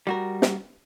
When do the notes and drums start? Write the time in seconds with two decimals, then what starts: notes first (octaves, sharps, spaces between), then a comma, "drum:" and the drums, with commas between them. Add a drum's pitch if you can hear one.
0.07 G3 F#4 A#4
0.42 drum: snare